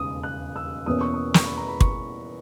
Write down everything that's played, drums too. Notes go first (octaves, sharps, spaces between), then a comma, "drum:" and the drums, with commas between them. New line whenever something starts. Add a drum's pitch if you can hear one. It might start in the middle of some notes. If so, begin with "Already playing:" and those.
Already playing: E1 D#2 C#3 D#6
F#6
E6
E2 B2 A#3 C#4 E4 D#6
C#6
D#6
C#6, drum: snare
B5
A#5
B5
C#6, drum: kick